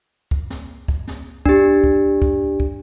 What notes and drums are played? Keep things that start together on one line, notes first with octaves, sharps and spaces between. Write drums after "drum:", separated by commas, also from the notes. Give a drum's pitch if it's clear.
drum: kick
drum: snare
drum: kick
drum: snare
D4 G4, drum: kick
drum: kick
drum: kick
drum: kick